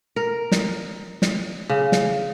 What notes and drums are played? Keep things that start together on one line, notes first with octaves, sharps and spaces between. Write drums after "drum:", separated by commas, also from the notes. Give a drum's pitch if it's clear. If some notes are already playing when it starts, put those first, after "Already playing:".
A#4
drum: snare
drum: snare
C#3
drum: snare